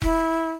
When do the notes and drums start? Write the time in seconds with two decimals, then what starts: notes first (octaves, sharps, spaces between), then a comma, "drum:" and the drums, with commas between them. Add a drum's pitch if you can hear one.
0.02 E4, drum: kick E1